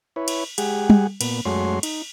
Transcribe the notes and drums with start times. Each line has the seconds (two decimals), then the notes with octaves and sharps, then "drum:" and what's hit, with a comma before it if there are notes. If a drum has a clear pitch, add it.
0.16 E4 B4 C#5
0.28 drum: cymbal
0.58 G#3 G4 G#4 F#5, drum: cymbal
0.90 drum: tom G3
1.21 A#2 B3, drum: cymbal
1.45 F#2 G#3 A3 F#4 C#5 C6
1.83 D#4, drum: cymbal